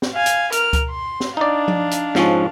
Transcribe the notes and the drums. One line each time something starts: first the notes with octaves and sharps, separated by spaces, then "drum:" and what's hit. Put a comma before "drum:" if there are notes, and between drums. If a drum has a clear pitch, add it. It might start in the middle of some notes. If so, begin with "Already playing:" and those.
drum: snare
F5 G#5
drum: hi-hat
A#4 F6, drum: hi-hat
drum: kick C#2, hi-hat
C6
drum: snare
D4 D#4 D5 F5
drum: tom F3
drum: hi-hat
G#2 F3 C#4, drum: snare